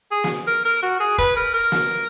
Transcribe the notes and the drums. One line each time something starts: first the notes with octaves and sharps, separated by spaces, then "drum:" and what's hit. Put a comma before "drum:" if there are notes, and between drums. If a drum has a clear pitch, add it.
G#4
drum: snare
A#4
A#4
F#4
G#4
B4, drum: kick
A#4
A#4
drum: snare